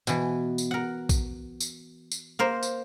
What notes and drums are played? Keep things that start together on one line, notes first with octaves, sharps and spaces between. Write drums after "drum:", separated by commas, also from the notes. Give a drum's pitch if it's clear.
B2 E3, drum: tambourine
drum: tambourine
A#4 F#5
drum: kick A#1, tambourine
drum: tambourine
drum: tambourine
A#3 A#4 C5
drum: tambourine